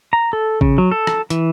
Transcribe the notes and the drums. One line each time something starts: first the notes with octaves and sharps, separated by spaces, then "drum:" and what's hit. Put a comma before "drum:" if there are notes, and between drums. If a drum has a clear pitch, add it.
A#5
A4
C#3, drum: kick
F#3
A4
drum: rim click
E3, drum: hi-hat